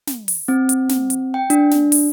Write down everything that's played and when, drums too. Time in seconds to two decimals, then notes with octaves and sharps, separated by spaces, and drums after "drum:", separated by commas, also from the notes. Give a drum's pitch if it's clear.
0.07 drum: snare
0.28 drum: open hi-hat
0.48 C4
0.69 drum: hi-hat
0.89 drum: snare
1.10 drum: hi-hat
1.34 G5
1.50 D4, drum: hi-hat
1.71 drum: snare
1.92 drum: open hi-hat